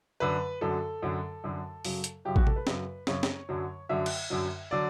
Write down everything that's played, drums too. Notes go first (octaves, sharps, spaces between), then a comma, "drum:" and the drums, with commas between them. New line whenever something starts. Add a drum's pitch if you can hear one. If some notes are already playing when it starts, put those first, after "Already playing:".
F#2 D3 F#3 B4
F#2 D3 F#3 A4
F#2 D3 F#3
F#2 D3 F#3
F#2 C#3 F#3, drum: open hi-hat
drum: hi-hat
F#2 C#3 F#3 G4
F#4, drum: kick A1
G4
A4, drum: tom
B4
F#2 C#3 F#3, drum: snare
F#2 C#3 F#3 C#5, drum: snare
drum: snare
F#2 D3 F#3
F#2 D3 F#3 E5
drum: cymbal
F#2 D3 F#3
D3 F#3 D5